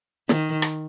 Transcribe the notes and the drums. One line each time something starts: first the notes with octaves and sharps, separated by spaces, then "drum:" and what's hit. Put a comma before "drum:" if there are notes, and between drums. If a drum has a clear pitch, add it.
D#3, drum: snare
drum: rim click